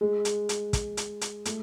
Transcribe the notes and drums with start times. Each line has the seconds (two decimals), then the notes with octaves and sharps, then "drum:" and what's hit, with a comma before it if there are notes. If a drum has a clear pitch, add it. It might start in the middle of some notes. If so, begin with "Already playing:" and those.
0.01 G#3
0.25 drum: hi-hat
0.49 drum: hi-hat
0.73 drum: kick, hi-hat
0.97 drum: hi-hat
1.21 drum: hi-hat
1.45 A3, drum: hi-hat